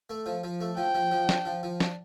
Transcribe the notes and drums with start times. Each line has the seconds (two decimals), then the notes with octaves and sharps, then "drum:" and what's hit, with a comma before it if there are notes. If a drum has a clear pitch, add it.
0.10 A3
0.26 F3
0.44 F3
0.60 A3
0.77 F3 G5
0.95 F3
1.11 F3
1.29 D4, drum: snare
1.45 F3
1.63 F3
1.80 D4, drum: snare